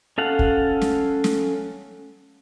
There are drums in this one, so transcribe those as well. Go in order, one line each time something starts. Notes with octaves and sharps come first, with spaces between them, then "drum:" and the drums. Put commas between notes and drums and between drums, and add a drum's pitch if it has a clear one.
C#4 A4 F5 F#5
drum: kick
drum: snare
drum: snare